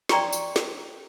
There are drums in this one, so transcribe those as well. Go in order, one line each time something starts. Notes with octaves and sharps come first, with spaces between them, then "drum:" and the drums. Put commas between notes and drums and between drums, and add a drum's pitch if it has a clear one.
D5 G5 A#5 C6 C#6, drum: snare
drum: tambourine
drum: snare